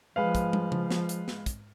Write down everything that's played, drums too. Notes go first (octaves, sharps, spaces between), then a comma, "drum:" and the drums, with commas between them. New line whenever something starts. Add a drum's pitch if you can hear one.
F3 G#3 B4 F5
drum: kick, hi-hat
drum: tom
drum: tom C#3
drum: snare
drum: hi-hat
drum: snare
drum: kick, hi-hat